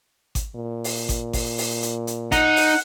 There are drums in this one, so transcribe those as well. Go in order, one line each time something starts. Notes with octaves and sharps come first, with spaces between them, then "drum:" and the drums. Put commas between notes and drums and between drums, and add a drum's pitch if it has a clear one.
drum: kick G#1, hi-hat
A#2
drum: open hi-hat
drum: kick G#1, hi-hat
drum: kick G#1, open hi-hat
drum: open hi-hat
drum: hi-hat
drum: hi-hat
D#4 F#5, drum: kick G#1, hi-hat
drum: open hi-hat